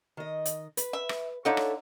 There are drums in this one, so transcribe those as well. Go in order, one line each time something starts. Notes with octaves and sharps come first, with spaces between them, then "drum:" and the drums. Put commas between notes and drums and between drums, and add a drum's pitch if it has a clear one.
D#3 D#5
drum: hi-hat
B4, drum: hi-hat
E5
drum: rim click
D3 D#4 F4 A4 C#5 E5
drum: rim click